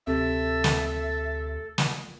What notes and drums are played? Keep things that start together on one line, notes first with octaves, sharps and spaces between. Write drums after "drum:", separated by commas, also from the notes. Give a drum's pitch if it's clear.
D2 C3 A4 E5
drum: snare
drum: snare